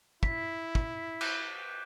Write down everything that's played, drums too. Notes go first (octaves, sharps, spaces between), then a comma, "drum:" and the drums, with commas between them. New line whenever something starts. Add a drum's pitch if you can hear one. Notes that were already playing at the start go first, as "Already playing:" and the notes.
E4 B6, drum: kick
drum: kick
D6 F#6 G6, drum: cymbal